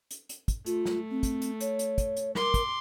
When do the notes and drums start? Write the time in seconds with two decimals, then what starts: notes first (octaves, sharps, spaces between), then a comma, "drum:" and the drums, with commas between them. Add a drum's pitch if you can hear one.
0.11 drum: hi-hat
0.29 drum: hi-hat
0.48 drum: kick, hi-hat
0.66 A3 F4, drum: hi-hat
0.86 drum: snare
1.11 C4
1.23 drum: kick, hi-hat
1.42 drum: hi-hat
1.60 C#5, drum: hi-hat
1.79 drum: hi-hat
1.98 drum: kick, hi-hat
2.17 drum: hi-hat
2.35 A#4 C6 D6, drum: snare
2.54 drum: kick, hi-hat